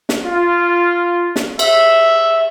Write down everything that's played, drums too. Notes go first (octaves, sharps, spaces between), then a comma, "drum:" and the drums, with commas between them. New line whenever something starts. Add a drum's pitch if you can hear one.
drum: snare
F4
drum: snare
E5, drum: cymbal